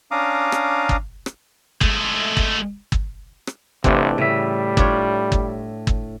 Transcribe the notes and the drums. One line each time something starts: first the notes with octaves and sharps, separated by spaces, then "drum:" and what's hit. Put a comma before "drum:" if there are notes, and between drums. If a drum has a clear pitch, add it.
C#4 D4 F5 A#5 D6 D#6
drum: rim click
drum: kick G1
drum: rim click
G#3 A3, drum: kick G1
drum: kick G1
drum: kick G1
drum: rim click
G1 C3 E3 A3 C4 D4, drum: kick G1
A2 C#3 G3 E5
D4 F4 C#5, drum: kick G1
drum: kick G1
drum: kick G1